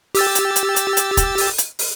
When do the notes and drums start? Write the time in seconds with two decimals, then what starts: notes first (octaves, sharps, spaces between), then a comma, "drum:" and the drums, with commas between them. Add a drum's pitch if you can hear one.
0.15 G4 E6 A6, drum: open hi-hat
0.35 drum: hi-hat
0.56 drum: hi-hat
0.76 drum: hi-hat
0.97 drum: hi-hat
1.17 drum: kick, hi-hat
1.38 drum: open hi-hat
1.58 drum: hi-hat
1.79 drum: open hi-hat